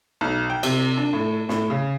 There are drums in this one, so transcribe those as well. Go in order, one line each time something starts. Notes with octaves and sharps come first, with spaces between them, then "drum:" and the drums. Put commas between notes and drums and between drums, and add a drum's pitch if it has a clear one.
B1
G5
C3, drum: cymbal
D4
A2
A2, drum: snare
C#3